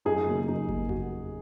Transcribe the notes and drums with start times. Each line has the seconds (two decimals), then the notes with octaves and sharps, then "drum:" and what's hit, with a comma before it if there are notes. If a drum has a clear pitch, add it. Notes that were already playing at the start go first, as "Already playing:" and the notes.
0.05 F#2 D#4 G#4
0.26 C#3 F#3 A#3
0.48 F#2 D#4
0.69 C#3 F#3 A#3, drum: kick G1
0.89 F#4, drum: tom E2